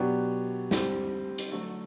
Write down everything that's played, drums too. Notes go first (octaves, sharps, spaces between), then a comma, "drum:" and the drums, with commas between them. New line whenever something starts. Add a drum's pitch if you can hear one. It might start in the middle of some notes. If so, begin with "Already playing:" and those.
Already playing: B2 F#3 B3 D4 G4
D3 G3 C4, drum: snare
drum: hi-hat
D3 F#3 A3